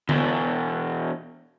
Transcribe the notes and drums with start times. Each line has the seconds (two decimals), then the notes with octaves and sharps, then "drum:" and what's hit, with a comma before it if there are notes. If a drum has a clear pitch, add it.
0.09 E2 B2, drum: tom D3